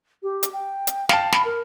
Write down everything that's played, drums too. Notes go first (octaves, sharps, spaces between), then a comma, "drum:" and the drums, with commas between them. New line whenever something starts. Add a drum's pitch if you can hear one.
G4
drum: hi-hat
G5
drum: hi-hat
F5 G5 A5, drum: snare
B5, drum: snare
A#4